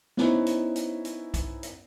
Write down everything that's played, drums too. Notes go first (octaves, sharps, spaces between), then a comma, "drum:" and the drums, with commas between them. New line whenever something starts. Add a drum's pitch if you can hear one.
B3 C#4 D#4 E4 C5, drum: snare
drum: hi-hat
drum: hi-hat
drum: hi-hat
drum: kick B1, hi-hat
drum: hi-hat